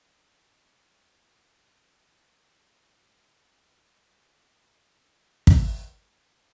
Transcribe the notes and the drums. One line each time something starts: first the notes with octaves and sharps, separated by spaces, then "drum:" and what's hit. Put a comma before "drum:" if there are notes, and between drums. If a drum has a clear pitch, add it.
F#3 A3 A#4 G#5
D4 F4 A4 C#5 E5 G5
F#4 F6
drum: kick